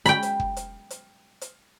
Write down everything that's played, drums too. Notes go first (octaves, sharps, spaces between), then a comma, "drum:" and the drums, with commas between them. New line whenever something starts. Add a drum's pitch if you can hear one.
G5 B5, drum: hi-hat
drum: hi-hat
drum: kick
drum: hi-hat
drum: hi-hat
drum: hi-hat